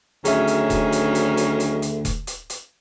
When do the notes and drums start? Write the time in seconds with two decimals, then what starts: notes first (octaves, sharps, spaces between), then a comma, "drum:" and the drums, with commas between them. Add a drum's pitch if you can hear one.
0.25 D2 D#3 F#3 C#4 G#4 E5, drum: hi-hat
0.48 drum: hi-hat
0.70 drum: kick E1, hi-hat
0.92 drum: hi-hat
1.15 drum: hi-hat
1.37 drum: hi-hat
1.60 drum: hi-hat
1.82 drum: hi-hat
2.05 drum: kick E1, hi-hat
2.27 drum: hi-hat
2.50 drum: hi-hat